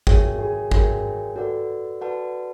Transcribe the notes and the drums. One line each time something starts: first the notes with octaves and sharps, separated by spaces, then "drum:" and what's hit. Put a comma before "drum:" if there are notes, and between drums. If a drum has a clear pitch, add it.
F#4 G#4 A#4 C#5 E5 G5, drum: kick G#1
G#4
F#4 G#4 A#4 C#5 E5 G5, drum: kick G#1
F#4 A4 B4 D5 F#5 A5
F#4 B4 D5 F#5 A5